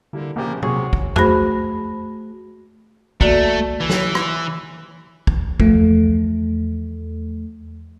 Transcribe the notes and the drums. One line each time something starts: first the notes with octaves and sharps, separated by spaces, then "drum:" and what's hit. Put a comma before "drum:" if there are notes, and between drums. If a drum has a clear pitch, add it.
D3 G3 A#3 E4
A#1 C#3 F3 A#3 G4
C3 F#4 G#4 C#5 C#6, drum: tom A#2
drum: kick
A3 F#4 G#4 C5 B5 A#6, drum: tom E2
A3 A#3 F#4 D5, drum: kick
E3
drum: snare
drum: rim click
drum: kick
E2 F3 A3, drum: kick